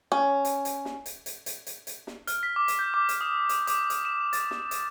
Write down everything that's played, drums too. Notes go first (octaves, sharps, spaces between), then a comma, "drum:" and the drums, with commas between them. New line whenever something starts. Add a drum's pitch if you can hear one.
C#4
drum: hi-hat
drum: hi-hat
drum: snare
drum: hi-hat
drum: hi-hat
drum: hi-hat
drum: hi-hat
drum: hi-hat
drum: snare
F6, drum: hi-hat
B6
D6
drum: hi-hat
G6
D6
drum: hi-hat
D#6
drum: hi-hat
D6, drum: hi-hat
drum: hi-hat
E7
A6, drum: hi-hat
drum: snare
drum: hi-hat